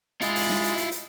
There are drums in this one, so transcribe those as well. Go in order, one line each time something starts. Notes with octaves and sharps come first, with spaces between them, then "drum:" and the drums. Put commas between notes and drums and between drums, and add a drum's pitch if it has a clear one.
G#3 E4 F4 A6, drum: hi-hat
drum: open hi-hat
drum: snare
drum: hi-hat
drum: hi-hat
drum: hi-hat